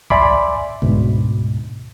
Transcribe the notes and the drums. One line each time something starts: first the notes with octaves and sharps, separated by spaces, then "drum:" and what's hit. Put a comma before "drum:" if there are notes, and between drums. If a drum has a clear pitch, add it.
D5 E5 G#5 B5 C6 D6, drum: kick C#2
D2 G#2 B2, drum: kick C#2